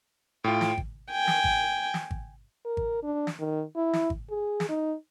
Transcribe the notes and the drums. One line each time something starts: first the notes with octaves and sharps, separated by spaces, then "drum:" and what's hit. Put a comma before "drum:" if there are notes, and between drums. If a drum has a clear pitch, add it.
A2 F4 G5
drum: snare
drum: kick G#1
G5 G#5
drum: snare
drum: kick G#1
drum: snare
drum: kick G#1
A#4
drum: kick G#1
D4
drum: snare
D#3
E4
drum: snare
drum: kick G#1
G#4
drum: snare
D#4